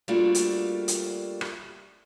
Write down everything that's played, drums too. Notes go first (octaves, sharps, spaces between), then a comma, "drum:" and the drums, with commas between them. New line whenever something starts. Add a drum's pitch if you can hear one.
G3 A3 A#3 D4 F4 F#4
drum: hi-hat
drum: hi-hat
drum: rim click